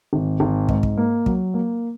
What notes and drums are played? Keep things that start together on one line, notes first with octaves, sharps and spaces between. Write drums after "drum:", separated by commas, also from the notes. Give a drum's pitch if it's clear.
G#1
G#1
G#2, drum: kick
drum: kick
A#3
F#3, drum: kick
A#3